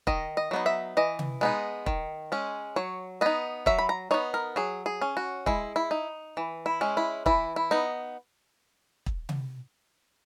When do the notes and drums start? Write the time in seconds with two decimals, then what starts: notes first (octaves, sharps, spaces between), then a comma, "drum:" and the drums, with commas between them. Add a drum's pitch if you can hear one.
0.07 D#3 D#5, drum: kick
0.37 D#5
0.51 F#3 B3 D#4
0.66 E5
0.97 E3 D#5
1.19 drum: tom C3
1.41 G#3 B3 D#4
1.86 D#3, drum: kick
2.32 G#3 C#4
2.76 F#3 C#5
3.21 B3 D#4 D#5
3.66 F#3 E5, drum: kick
3.78 B5
3.89 A#5
4.11 B3 D#4 C#5
4.34 A#4
4.56 F#3 G#4
4.86 G#4
5.01 C#4
5.17 F#4
5.46 G#3 E4, drum: kick
5.76 E4
5.91 D#4
6.37 E3
6.66 E4
6.81 G#3 C#4
6.97 E4
7.26 E3 E4, drum: kick
7.56 E4
7.71 B3 D#4
9.06 drum: kick
9.29 drum: tom C3